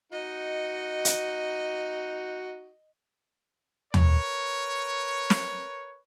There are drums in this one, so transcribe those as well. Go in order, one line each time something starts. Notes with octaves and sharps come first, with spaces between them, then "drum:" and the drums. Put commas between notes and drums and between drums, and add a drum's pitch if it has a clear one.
D#4 F#4 D#5
drum: hi-hat
A#4 B4 C#5, drum: tom
drum: snare